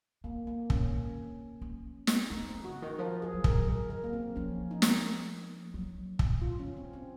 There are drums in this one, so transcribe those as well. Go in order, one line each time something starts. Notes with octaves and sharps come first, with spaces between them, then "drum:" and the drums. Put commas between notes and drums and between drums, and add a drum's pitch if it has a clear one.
A#3 C4
A#3
C#4, drum: kick
C#4
drum: snare
C#4 D#4
C4
C#3 F#4
D#3
F3 A#4
G#4
F#3
A#4, drum: kick
A#4
A#4
A#3
C4
F3 C#4
D#4
drum: snare
F#3
drum: kick
F4
C#4
C4
C4